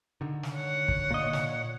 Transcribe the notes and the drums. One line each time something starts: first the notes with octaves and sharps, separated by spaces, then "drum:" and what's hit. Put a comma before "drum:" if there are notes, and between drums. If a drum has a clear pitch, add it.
D3 D#3
drum: snare
C#5 F#5
drum: kick
A#2 D#5
drum: snare